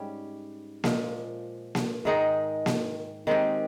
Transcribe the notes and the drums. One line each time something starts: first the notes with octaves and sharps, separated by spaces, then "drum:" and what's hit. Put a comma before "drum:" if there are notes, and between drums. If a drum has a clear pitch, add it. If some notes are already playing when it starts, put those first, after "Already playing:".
Already playing: G#2 G3 C#4 G4
A#2 F3 G#3, drum: snare A#3
drum: snare A#3
G#2 D#3 G#3 D#4
drum: snare A#3
D#3 G#3 C4 G4